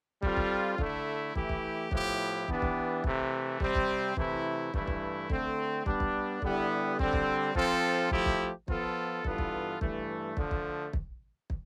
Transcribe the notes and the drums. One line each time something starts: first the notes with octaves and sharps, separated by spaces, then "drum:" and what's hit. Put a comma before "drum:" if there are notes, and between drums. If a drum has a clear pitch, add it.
G3 C4 F4 A4, drum: kick
drum: kick
D3 A3 E4, drum: kick
E3 A3 E4 G4, drum: kick
drum: kick
A2 F3 B3 E4 G4, drum: kick
E3 B3 D4 G4, drum: kick
drum: kick
C3 E3 A3, drum: kick
C3 G3 C4, drum: kick
drum: kick
C3 E3 A3 E4, drum: kick
G2 E3 A3 E4, drum: kick
drum: kick
D3 A3 C4, drum: kick
G3 B3 D4, drum: kick
drum: kick
D3 G3 B3 E4 G4, drum: kick
D3 G3 C4, drum: kick
drum: kick
F3 C4 F4 A4, drum: kick
F3 A3 E4 G4, drum: kick
drum: kick
F3 B3 F4 A4, drum: kick
G2 E3 B3 F4 A4, drum: kick
drum: kick
G2 E3 A3, drum: kick
D3 F3 A3, drum: kick
drum: kick
drum: kick
drum: kick